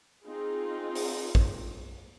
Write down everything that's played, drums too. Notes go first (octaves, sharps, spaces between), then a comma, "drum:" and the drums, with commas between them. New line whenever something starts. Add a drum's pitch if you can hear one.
C4 D#4 F4 G#4
drum: open hi-hat
drum: kick